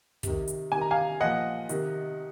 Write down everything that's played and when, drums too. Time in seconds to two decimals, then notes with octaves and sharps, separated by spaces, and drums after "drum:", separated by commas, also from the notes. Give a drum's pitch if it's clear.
0.23 C3 D#3, drum: kick, hi-hat
0.48 drum: hi-hat
0.72 C3 D#3 G#5
0.81 A#5
0.91 F5 G#5
1.20 A#2 F3 D#5 F#5
1.69 C3 D#3, drum: hi-hat